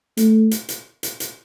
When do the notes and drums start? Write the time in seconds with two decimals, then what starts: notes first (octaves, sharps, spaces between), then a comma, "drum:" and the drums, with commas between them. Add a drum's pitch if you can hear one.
0.17 A3, drum: hi-hat
0.51 drum: hi-hat
0.69 drum: hi-hat
1.03 drum: hi-hat
1.20 drum: hi-hat